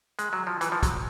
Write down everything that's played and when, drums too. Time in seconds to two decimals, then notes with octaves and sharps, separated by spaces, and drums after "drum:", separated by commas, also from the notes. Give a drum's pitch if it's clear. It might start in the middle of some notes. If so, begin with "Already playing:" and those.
0.19 G#3, drum: hi-hat
0.33 F#3
0.47 F3
0.61 E3, drum: hi-hat
0.72 F3
0.83 F#3, drum: kick, hi-hat